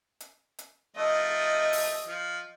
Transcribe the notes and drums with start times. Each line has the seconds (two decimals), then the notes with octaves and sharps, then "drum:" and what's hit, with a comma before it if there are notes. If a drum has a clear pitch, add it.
0.20 drum: hi-hat
0.59 drum: hi-hat
0.97 F3 A3 D#4 D#5
1.73 drum: open hi-hat
2.07 F3